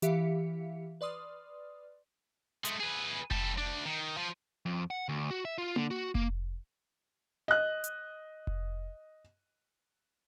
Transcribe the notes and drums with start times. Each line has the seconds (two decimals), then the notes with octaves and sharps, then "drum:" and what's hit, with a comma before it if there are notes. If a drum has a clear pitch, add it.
0.02 E3 G4 E5 F5 B6 C#7, drum: hi-hat
1.01 B4 D5 C6 D#6 F6
2.65 G#3 A3, drum: hi-hat
2.80 G#4 B4
3.31 G3 A4, drum: kick F1
3.58 D2 D4
3.85 D#3
4.17 F3
4.66 F2
4.90 F#5
5.09 D2
5.31 F#4
5.45 E5
5.58 F4
5.76 D3, drum: tom A#3
5.91 F#4
6.15 A#3, drum: kick F1
7.48 D#5 F#6
7.84 drum: hi-hat
8.47 drum: kick F1